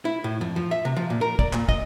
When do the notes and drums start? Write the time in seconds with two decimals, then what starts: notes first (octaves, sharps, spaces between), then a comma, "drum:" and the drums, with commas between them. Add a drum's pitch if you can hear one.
0.05 E4
0.24 A2
0.41 F2
0.56 F3
0.71 E5
0.85 C3
0.96 F3
1.10 A#2
1.21 A#4
1.39 D5, drum: kick
1.53 A#2, drum: clap
1.69 D#5, drum: kick